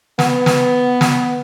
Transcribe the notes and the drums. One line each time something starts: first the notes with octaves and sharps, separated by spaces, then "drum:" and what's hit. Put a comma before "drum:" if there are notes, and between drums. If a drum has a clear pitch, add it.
B3, drum: snare
drum: snare
drum: snare